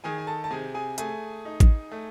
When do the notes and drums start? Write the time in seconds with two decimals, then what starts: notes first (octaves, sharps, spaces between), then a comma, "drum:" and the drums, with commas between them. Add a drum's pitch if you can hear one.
0.04 D#3 G#4 G#5
0.18 G#5
0.27 A4 A5
0.44 A5
0.51 C3 G#4 G#5
0.74 G#4 G#5
0.98 A3 G#4 G#5, drum: hi-hat
1.45 D#4
1.60 drum: kick A1, hi-hat
1.92 A3